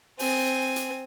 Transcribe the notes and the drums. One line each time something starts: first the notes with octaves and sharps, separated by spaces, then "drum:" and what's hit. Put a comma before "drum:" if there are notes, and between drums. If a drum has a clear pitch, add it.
C4 G#5, drum: open hi-hat
drum: hi-hat